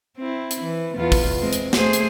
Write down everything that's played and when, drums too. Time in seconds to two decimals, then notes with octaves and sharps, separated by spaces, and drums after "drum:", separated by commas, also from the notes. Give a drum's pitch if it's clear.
0.17 C4 E4
0.51 drum: hi-hat
0.63 E3
0.96 E2 B3 F4
1.12 drum: kick, open hi-hat
1.40 G#3 C4
1.53 drum: hi-hat
1.73 A3 G#4 C5, drum: snare
1.93 drum: hi-hat